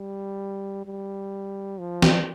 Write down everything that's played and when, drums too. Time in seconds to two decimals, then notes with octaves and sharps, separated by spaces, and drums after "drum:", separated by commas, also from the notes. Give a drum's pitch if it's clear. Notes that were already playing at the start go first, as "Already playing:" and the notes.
Already playing: G3
0.86 G3
1.79 F3
2.02 drum: snare